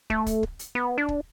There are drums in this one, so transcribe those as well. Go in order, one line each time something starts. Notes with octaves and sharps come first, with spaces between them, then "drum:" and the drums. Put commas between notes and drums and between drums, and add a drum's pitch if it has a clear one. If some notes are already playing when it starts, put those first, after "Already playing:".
A3, drum: kick
drum: kick, hi-hat
drum: kick
drum: hi-hat
B3
D4
drum: kick